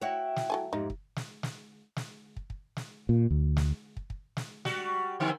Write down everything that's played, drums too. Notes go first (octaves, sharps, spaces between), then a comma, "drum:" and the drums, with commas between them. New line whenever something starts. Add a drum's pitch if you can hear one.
E4 F#4 C#5 G5
drum: snare
F#3 A4 G#5
F2 G#2 D#4 G4
drum: kick
drum: snare
drum: snare
drum: snare
drum: kick
drum: kick
drum: snare
A#2
D2
drum: snare
drum: kick
drum: kick
drum: snare
G3 F#4, drum: snare
D3 D#3 C4